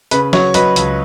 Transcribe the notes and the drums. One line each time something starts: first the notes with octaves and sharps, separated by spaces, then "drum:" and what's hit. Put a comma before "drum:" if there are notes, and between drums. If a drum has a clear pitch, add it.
C#3 B4, drum: hi-hat
F#3 C#5, drum: snare
F#3 B4 D#5, drum: hi-hat
C#2, drum: hi-hat